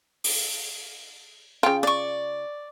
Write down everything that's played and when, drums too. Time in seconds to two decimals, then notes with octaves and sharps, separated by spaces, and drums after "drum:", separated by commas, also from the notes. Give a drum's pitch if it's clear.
0.24 drum: open hi-hat
1.63 C#3 F4 G5
1.83 D5 C#6